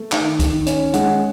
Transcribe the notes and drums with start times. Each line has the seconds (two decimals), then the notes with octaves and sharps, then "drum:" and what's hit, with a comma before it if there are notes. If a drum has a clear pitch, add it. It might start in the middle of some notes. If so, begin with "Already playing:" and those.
Already playing: A3
0.12 D#3, drum: clap
0.39 D#3, drum: kick, hi-hat
0.66 C#4, drum: hi-hat
0.93 G#3 F#5, drum: hi-hat